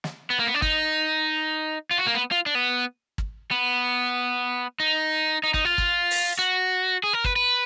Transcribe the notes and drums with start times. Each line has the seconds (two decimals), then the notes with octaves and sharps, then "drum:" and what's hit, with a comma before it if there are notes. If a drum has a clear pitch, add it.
0.04 drum: snare
0.30 B3
0.39 A#3
0.47 B3
0.54 D4
0.62 D#4, drum: kick
1.91 F4
1.98 F#4
2.06 A#3
2.15 B3
2.31 F4
2.46 D4
2.55 B3
3.18 drum: kick
3.51 B3
4.80 D#4
5.44 D#4
5.54 D#4, drum: kick
5.65 F4
5.78 drum: kick
6.11 drum: open hi-hat
6.39 F#4
7.03 G#4
7.13 A#4
7.24 B4, drum: kick
7.36 B4